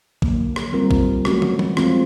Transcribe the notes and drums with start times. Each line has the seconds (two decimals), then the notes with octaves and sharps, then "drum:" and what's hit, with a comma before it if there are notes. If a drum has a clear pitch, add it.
0.22 D3 F#3 A#3, drum: kick A#1
0.56 drum: rim click
0.73 G3 C4 F4 A#4
0.91 drum: kick A#1
1.25 F#3 A3 C#4 F#4, drum: rim click
1.42 drum: tom
1.59 drum: tom E3
1.77 F3 G#3 C4 F4, drum: rim click